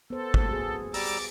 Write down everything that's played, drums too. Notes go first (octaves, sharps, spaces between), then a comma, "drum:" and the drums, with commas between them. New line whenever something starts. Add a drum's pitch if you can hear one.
B3 A4 C5
drum: kick
F#4 G#4
G3 A#5 D6 E6 A6, drum: open hi-hat